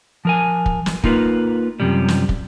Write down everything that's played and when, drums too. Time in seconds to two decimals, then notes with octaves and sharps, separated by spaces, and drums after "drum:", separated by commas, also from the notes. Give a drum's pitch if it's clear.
0.25 F3 A#4 G#5
0.66 drum: kick
0.86 drum: snare
1.03 A#3 D#4 F4 A#4 B4, drum: kick
1.80 F#2 A2 C3 F3 G3
2.08 drum: snare
2.29 drum: kick